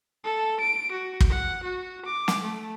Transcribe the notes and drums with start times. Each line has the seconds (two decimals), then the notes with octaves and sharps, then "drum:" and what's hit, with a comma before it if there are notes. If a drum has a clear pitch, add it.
0.24 A4
0.60 D7
0.92 F#4
1.20 drum: kick
1.30 F#5
1.63 F#4
2.05 D6
2.28 drum: snare
2.42 A3